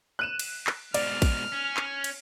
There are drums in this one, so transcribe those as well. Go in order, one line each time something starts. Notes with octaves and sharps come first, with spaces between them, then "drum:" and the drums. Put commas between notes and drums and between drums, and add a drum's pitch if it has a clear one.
F#6 D#7 E7
drum: cymbal
drum: clap
G#2 B2 D5 F6, drum: cymbal
drum: kick A#1, cymbal
C#4
drum: clap
drum: cymbal